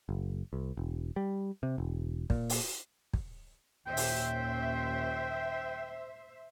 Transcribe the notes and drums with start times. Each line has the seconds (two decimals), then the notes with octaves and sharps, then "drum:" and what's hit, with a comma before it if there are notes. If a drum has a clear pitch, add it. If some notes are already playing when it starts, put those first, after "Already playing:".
0.09 F#1
0.53 C2
0.77 E1
1.16 G3
1.63 C3
1.78 E1
2.30 A#2, drum: kick
2.49 drum: open hi-hat
3.13 drum: kick
3.87 D#2 A#2 C#4 C5 E5 G5
3.97 drum: open hi-hat